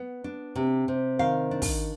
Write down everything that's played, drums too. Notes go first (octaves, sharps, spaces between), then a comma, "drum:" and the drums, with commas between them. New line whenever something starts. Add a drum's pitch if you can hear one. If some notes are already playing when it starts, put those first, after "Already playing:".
Already playing: B3
D4
C3
C3
D#3 F5
D4
drum: kick, open hi-hat